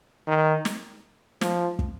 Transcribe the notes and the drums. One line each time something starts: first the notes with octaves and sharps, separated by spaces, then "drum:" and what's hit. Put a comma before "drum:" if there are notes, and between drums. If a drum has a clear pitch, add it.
D#3
drum: snare
F3, drum: snare
drum: kick